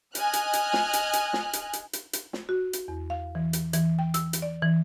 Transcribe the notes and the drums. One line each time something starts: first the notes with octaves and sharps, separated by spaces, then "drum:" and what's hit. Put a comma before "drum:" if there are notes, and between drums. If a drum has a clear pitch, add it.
D#5 G#5 F6 F#6, drum: hi-hat
drum: hi-hat
drum: hi-hat
drum: snare
drum: hi-hat
drum: hi-hat
drum: snare
drum: hi-hat
drum: hi-hat
drum: hi-hat
drum: hi-hat
drum: snare
F#4
drum: hi-hat
E2
F5
E3
drum: hi-hat
E3, drum: hi-hat
G5
E6, drum: hi-hat
drum: hi-hat
D5
E3